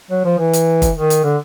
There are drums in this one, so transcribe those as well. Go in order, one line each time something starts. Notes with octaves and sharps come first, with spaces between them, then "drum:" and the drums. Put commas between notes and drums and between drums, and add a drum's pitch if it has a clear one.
F#3
F3
E3
drum: hi-hat
drum: kick, hi-hat
D#3
drum: hi-hat
D3